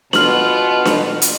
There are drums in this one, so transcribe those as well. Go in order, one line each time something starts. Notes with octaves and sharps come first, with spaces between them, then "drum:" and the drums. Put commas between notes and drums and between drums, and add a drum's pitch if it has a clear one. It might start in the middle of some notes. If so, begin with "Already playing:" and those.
B2 B3 F4 F6 F#7, drum: snare D4
drum: snare D4
drum: hi-hat